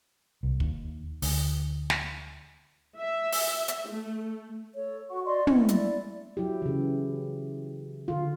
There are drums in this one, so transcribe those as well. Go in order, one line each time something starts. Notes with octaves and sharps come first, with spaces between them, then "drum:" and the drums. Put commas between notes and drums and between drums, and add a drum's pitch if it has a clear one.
C2
D#2, drum: kick
D2, drum: open hi-hat
drum: snare
E5
drum: open hi-hat
drum: hi-hat
A3
A4 C#5
F#4 F#5 C#6
D5 D#5 C6
E4 D#5, drum: tom
D5, drum: hi-hat
F#3 E4 G4
C#3 E3
D3 F4